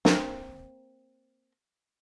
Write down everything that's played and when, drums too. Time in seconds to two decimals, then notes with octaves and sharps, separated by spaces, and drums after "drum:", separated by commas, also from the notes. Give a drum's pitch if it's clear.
0.05 A#3 C4 A#4, drum: snare